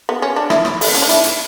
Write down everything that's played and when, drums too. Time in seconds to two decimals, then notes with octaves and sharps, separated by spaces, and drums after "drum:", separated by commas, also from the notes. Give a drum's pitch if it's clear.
0.09 B3
0.22 C#4
0.36 D4
0.50 E4, drum: rim click
0.65 drum: rim click
0.81 A3, drum: open hi-hat
0.88 B3
0.94 C#4, drum: hi-hat
1.02 D4
1.09 E4, drum: hi-hat
1.24 drum: hi-hat